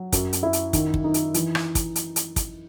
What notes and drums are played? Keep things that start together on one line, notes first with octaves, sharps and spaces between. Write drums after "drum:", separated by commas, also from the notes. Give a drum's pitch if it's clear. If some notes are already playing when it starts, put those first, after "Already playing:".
Already playing: F#3
F#2, drum: kick, hi-hat
drum: hi-hat
E4
drum: hi-hat
D#3, drum: kick, hi-hat
drum: kick
D#4
drum: hi-hat
E3, drum: hi-hat
drum: rim click
drum: kick, hi-hat
drum: hi-hat
drum: hi-hat
drum: kick, hi-hat